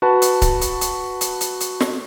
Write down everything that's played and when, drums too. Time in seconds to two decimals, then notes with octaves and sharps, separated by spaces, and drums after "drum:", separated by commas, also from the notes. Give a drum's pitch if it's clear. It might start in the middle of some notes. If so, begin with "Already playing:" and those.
0.02 F#4 B4 A5
0.22 drum: hi-hat
0.42 drum: kick C#1, hi-hat
0.62 drum: hi-hat
0.81 drum: hi-hat
1.21 drum: hi-hat
1.41 drum: hi-hat
1.61 drum: hi-hat
1.80 drum: snare